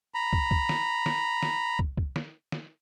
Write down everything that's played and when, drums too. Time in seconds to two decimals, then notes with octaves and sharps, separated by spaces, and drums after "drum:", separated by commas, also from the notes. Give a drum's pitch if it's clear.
0.14 A#5 B5
0.33 drum: kick
0.51 drum: kick
0.69 drum: snare
1.06 drum: snare
1.43 drum: snare
1.79 drum: kick
1.97 drum: kick
2.16 drum: snare
2.52 drum: snare